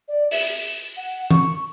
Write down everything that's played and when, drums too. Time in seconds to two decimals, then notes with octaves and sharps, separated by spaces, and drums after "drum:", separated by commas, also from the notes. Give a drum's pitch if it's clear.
0.08 D5
0.31 E5, drum: open hi-hat
0.97 F#5
1.31 C#6, drum: tom